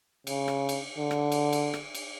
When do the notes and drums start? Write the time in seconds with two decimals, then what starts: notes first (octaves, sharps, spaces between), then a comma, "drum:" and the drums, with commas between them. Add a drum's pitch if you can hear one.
0.27 C#3, drum: cymbal
0.48 drum: rim click
0.69 drum: cymbal
0.98 D3
1.11 drum: rim click
1.32 drum: cymbal
1.53 drum: cymbal
1.74 drum: rim click
1.95 drum: cymbal